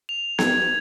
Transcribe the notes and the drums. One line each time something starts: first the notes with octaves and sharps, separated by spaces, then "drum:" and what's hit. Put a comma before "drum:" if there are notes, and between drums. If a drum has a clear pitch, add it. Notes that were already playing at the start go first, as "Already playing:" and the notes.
F7
G#6, drum: snare B3